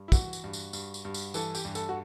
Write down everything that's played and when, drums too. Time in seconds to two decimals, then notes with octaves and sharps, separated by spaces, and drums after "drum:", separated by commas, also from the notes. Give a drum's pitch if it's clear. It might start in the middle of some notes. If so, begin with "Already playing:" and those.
Already playing: G2
0.08 E4
0.12 E3 F#4, drum: kick, tambourine
0.33 drum: tambourine
0.44 G2
0.53 drum: tambourine
0.73 G2, drum: tambourine
0.94 drum: tambourine
1.05 G2
1.14 drum: tambourine
1.34 E3 A4, drum: tambourine
1.55 G4, drum: tambourine
1.65 G2
1.75 A4, drum: tambourine
1.89 F#4